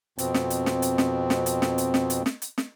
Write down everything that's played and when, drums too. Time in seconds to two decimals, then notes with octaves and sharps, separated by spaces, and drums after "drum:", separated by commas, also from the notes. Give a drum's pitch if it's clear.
0.18 F2 B2 C4, drum: hi-hat
0.34 drum: snare
0.50 drum: hi-hat
0.66 drum: snare
0.82 drum: hi-hat
0.98 drum: snare
1.30 drum: snare
1.46 drum: hi-hat
1.62 drum: snare
1.78 drum: hi-hat
1.94 drum: snare
2.10 drum: hi-hat
2.26 drum: snare
2.42 drum: hi-hat
2.58 drum: snare